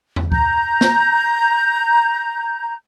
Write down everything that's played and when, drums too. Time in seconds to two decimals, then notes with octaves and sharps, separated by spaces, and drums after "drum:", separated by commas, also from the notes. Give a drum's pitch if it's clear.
0.16 drum: tom E2
0.32 A#5 G6, drum: kick C#2
0.81 drum: snare